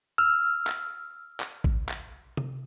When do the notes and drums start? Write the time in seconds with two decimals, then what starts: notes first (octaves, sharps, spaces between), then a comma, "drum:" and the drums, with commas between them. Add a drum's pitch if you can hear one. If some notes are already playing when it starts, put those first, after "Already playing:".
0.18 E6 F6
0.67 drum: clap
1.40 drum: clap
1.64 drum: kick A1
1.89 drum: clap
2.37 drum: tom